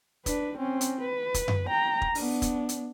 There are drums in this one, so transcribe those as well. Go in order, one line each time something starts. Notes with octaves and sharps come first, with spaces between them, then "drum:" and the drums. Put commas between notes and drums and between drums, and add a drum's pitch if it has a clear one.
D4 B4, drum: kick, hi-hat
C4 C#4
drum: hi-hat
B4
drum: kick, hi-hat
drum: tom F#2
G5 A#5
drum: kick
B3 D4, drum: open hi-hat
drum: kick, hi-hat
drum: hi-hat